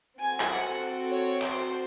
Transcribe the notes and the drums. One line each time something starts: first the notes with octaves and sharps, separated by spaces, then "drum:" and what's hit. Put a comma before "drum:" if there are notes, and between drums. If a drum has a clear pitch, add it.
C4 F#4 A4 G#5
drum: clap
F#5
C#5
C5, drum: clap